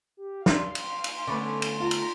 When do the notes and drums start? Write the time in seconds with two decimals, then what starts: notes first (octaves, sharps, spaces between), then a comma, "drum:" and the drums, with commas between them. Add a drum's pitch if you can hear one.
0.17 G4
0.46 F5 C6, drum: snare
0.75 drum: cymbal
1.04 drum: cymbal
1.27 D3 A3 B3 C#4 B5 C#6 D6
1.62 drum: cymbal
1.80 F4 A#5
1.91 drum: cymbal